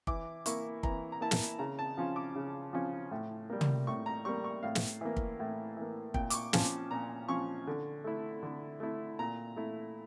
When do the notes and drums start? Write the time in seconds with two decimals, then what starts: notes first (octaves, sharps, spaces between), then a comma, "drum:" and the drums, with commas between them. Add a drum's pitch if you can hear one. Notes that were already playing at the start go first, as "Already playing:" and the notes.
0.07 E3 D6, drum: kick
0.46 A#3 E4 C#6, drum: hi-hat
0.83 E3 A#5, drum: kick
1.12 A#5
1.21 A#3 E4 A5
1.31 drum: snare
1.59 C#3 A#5
1.79 A5
1.97 F3 C#4 F4
2.16 D6
2.35 C#3
2.73 F3 C#4 F4
3.11 A2
3.50 G3 A#3
3.61 drum: tom
3.87 A2 C#6
4.06 A#5
4.25 G3 A#3 C#6
4.44 C#6
4.63 A2 F5
4.75 drum: snare
5.01 E3 A#3
5.17 drum: kick
5.40 A2
5.77 E3 A#3
6.14 A#2 G5, drum: kick
6.30 D6, drum: hi-hat
6.34 C#6
6.53 F3 C#4 F4 A5, drum: snare
6.91 A#2 A#5
7.28 F3 C#4 F4 C#6
7.67 D3
8.04 A3 E4
8.43 D3
8.80 A3 E4
9.19 A#2 A#5
9.56 A3 E4